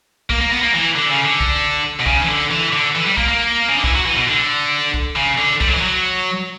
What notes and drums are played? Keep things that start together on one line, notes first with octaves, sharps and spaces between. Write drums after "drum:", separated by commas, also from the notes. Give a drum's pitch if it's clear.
A#3, drum: kick
A#3
B3
A#3
E3
D3
C#3
D3
drum: kick
B2
C#3, drum: kick
E3
D3
E3
D3
E3
G3
A#3, drum: kick
A#3
C#3
D3
E3, drum: kick
F#3
E3
B2
D3
drum: kick
C#3
D3
G3, drum: kick
F#3
E3
F#3